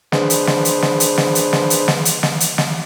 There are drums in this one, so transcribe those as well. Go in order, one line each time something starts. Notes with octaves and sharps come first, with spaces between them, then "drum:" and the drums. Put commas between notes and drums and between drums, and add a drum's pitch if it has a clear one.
D4 G#4 B4 C5, drum: snare
drum: hi-hat
drum: snare
drum: hi-hat
drum: snare
drum: hi-hat
drum: snare
drum: hi-hat
drum: snare
drum: hi-hat
drum: snare
drum: hi-hat
drum: snare
drum: hi-hat
drum: snare